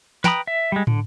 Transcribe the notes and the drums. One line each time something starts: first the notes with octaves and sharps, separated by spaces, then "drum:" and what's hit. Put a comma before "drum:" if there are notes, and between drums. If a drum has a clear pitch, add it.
B4 G5 A#5 B5 D#6, drum: snare
E5
G3 G#3
D3, drum: tom